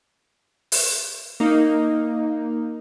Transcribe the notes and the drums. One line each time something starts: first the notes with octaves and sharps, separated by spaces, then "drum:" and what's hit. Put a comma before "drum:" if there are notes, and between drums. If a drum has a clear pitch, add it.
drum: open hi-hat
A#3 D#4